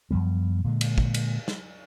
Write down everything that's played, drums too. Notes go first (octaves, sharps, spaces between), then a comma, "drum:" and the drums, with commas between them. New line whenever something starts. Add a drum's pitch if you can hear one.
F#2 F3 G3 B3
A#2 D3 G#3
drum: cymbal
drum: kick
drum: cymbal
drum: snare